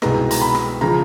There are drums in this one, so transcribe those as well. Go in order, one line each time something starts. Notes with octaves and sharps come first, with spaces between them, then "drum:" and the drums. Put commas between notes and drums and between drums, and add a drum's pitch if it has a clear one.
C2 B2 G#3 B3 D#4 A#5, drum: rim click
A#5, drum: hi-hat
B5
drum: rim click
C#3 F3 G#3 A#5